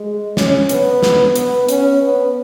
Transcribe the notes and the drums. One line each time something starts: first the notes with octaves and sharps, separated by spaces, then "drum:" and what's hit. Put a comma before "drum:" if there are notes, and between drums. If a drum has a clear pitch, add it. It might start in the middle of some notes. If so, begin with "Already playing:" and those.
Already playing: G#3
C#4, drum: snare
B3, drum: hi-hat
drum: snare
B3, drum: hi-hat
C#4, drum: hi-hat
B3